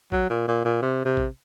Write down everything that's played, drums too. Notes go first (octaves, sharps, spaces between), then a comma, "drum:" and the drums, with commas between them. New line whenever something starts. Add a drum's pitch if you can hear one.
F#3, drum: kick
A#2
A#2
A#2
C3
C3
drum: kick